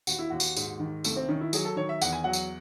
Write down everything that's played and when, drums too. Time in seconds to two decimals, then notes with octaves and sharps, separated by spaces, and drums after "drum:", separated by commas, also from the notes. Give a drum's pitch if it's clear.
0.07 D#2 F#4, drum: tambourine
0.19 E4
0.30 D#2 F#4
0.40 drum: tambourine
0.56 G#2, drum: tambourine
0.80 D#3
1.04 C2 A3, drum: tambourine
1.16 C4
1.29 D#3 C#4
1.41 E4
1.53 F#3 G#4, drum: tambourine
1.65 A4
1.76 D#3 C#5
1.89 E5
2.01 E2 F#5, drum: tambourine
2.13 G#5
2.24 F#3 F#5
2.33 drum: tambourine